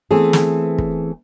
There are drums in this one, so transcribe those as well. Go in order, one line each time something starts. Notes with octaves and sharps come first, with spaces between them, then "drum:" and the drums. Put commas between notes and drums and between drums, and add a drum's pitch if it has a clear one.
E3 A3 B3 C4 G#4
drum: snare
drum: kick